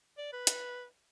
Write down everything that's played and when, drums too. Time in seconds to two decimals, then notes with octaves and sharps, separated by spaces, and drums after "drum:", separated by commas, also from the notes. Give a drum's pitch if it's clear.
0.18 D5
0.33 B4
0.47 drum: hi-hat